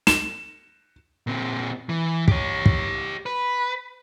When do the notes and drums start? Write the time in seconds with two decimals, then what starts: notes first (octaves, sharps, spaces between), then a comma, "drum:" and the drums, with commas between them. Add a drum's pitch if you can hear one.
0.07 E7, drum: snare
1.27 A#2 C4
1.89 E3
2.28 G4 C#5, drum: kick
2.66 drum: kick
3.26 B4